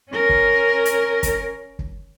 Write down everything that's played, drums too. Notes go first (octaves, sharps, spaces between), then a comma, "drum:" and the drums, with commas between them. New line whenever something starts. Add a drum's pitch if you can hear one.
C#4 A#4
drum: kick
drum: hi-hat
drum: kick, hi-hat
drum: kick